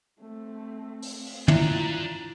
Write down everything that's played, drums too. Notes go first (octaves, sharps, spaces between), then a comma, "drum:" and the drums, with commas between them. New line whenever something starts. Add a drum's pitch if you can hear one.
A3 C4
drum: open hi-hat
drum: open hi-hat
D4 E4 F4 B4 E5 A#5, drum: tom